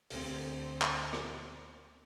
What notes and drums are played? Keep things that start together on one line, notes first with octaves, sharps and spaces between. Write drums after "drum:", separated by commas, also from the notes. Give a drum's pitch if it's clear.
D2 C4, drum: open hi-hat
drum: clap
drum: rim click